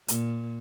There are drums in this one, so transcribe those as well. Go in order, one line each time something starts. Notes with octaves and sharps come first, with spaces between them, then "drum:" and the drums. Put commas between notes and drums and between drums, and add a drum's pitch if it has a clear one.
A#2, drum: hi-hat